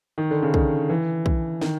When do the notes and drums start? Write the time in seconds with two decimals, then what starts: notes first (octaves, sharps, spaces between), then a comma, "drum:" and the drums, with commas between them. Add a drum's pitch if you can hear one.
0.18 D#3
0.31 D3
0.42 C#3
0.54 D3, drum: kick
0.90 E3
1.26 drum: kick
1.61 D#3, drum: snare